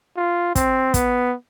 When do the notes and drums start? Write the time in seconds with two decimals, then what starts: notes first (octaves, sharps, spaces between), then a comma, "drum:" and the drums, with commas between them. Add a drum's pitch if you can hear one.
0.17 F4
0.55 C4, drum: kick, hi-hat
0.94 B3, drum: kick, hi-hat